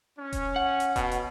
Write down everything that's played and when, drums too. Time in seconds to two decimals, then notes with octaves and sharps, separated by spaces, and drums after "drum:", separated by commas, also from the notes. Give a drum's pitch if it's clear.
0.19 C#4
0.33 drum: kick E1, hi-hat
0.56 F#5
0.80 drum: hi-hat
0.96 B2, drum: kick E1, hi-hat
1.12 drum: hi-hat